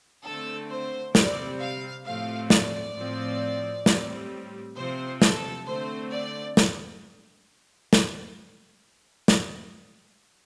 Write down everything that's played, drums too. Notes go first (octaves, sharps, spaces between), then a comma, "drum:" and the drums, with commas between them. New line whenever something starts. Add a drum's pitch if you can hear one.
D3 A3 C4 A4
C5
C3 G3 C4 D5, drum: snare
F5
A2 F3 A3 C4 F5
D5, drum: snare
A2 F3 C4
A2 G3 C4, drum: snare
C3 F3 C4 C5
A4, drum: snare
D3 A3 C4 C5
D5
drum: snare
drum: snare
drum: snare